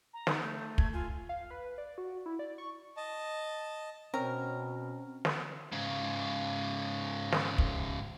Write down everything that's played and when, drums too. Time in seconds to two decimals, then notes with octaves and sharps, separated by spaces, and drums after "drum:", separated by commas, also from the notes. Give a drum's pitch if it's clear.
0.13 A#5
0.27 D#4, drum: snare
0.42 A3 G6
0.78 G#6, drum: kick
0.93 F4 G#5
1.29 F5
1.51 B4
1.78 D5
1.98 F#4
2.26 E4
2.39 D5
2.58 C#6
2.97 D#5 A5
4.14 B2 C4 C#4 A#4
5.25 drum: snare
5.72 G#2 C#3
7.32 drum: snare
7.58 drum: kick